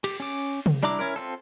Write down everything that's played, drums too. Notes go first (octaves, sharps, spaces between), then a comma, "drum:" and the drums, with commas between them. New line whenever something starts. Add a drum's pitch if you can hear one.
G4, drum: cymbal
C#4 D6
drum: tom
G3 D4 E4 A#5 D6
C#4 E4 A#4
C4 F4 A4